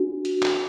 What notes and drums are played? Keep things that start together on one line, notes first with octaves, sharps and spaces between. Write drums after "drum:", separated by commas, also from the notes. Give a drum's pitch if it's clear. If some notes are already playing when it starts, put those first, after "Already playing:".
Already playing: D4 F#4
drum: hi-hat
drum: clap